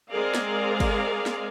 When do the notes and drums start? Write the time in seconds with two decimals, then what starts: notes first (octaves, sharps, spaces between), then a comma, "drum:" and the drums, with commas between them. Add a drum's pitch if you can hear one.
0.12 G#3 C4 G#4 A#4 D5 F5
0.34 drum: snare
0.80 drum: kick, cymbal
1.26 drum: snare